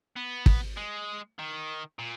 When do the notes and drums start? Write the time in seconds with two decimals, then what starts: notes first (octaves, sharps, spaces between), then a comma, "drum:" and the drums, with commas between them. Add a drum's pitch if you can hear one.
0.17 B3
0.46 drum: kick
0.77 G#3
1.39 D#3
1.99 A#2